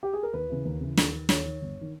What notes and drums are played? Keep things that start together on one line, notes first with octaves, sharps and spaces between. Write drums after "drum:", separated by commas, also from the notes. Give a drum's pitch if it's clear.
G4
G#4
A#4
D#2 B4
C#3 E3
D#2
C#3 E3
D#2, drum: snare
D#3
D#2 C#5, drum: snare
D#3
G1
D#3